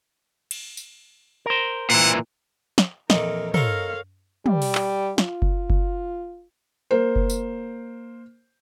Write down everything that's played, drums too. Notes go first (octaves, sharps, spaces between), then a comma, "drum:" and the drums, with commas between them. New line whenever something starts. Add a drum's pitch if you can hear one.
drum: cymbal
drum: tambourine
A#4 C5
A#2 E3 F#5
drum: snare
F2 A#2 E3 A#4 D#5, drum: snare
A4 A#4 C5 C#5 F5, drum: tom
G3, drum: tom
drum: open hi-hat
drum: clap
F4, drum: snare
drum: kick F#1
drum: kick F#1
A#3 C5
drum: kick F#1
drum: tambourine